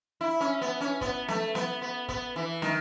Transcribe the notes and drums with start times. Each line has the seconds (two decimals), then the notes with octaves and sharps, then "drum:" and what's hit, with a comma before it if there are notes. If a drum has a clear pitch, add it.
0.21 E4
0.41 C#4
0.61 B3
0.81 C#4
1.01 B3, drum: kick
1.28 A3, drum: snare
1.55 B3, drum: snare
1.82 B3
2.09 B3, drum: kick
2.36 E3
2.62 D#3, drum: snare